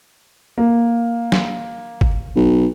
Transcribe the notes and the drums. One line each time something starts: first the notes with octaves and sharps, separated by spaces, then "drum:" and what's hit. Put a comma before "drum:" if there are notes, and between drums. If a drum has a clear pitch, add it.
A#3
drum: snare
drum: kick G1
B1